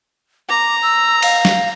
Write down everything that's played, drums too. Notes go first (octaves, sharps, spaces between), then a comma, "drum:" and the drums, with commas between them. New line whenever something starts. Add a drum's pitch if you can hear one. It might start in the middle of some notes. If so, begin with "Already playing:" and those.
A#5 D6
E6
F5, drum: cymbal
drum: snare